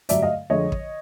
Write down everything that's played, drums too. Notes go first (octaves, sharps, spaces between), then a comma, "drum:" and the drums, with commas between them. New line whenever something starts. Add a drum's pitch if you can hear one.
G2 D3 F#3 A3 D5 E5, drum: hi-hat
D#5 F5
F2 D3 F3 G#3 C#5 D#5
drum: kick